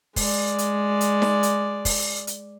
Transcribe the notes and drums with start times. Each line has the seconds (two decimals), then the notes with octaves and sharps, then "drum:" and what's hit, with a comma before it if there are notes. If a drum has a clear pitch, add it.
0.16 G#3 D5, drum: kick, open hi-hat
0.58 drum: hi-hat
1.01 drum: hi-hat
1.22 drum: snare D#4
1.43 drum: hi-hat
1.85 drum: kick, open hi-hat
2.27 drum: hi-hat